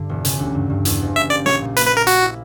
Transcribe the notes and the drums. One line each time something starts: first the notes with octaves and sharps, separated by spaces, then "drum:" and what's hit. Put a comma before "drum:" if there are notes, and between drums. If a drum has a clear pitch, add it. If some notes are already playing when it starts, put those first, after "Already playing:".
Already playing: G2 D3
E1
C#3, drum: hi-hat
D2
G2
G2
E2, drum: hi-hat
F#1
A#3 E5
G4 D5
A#1 C#5, drum: snare
A#2
A#3 B4, drum: hi-hat
B4
A#3 A#4
A#3 F#4, drum: hi-hat
E4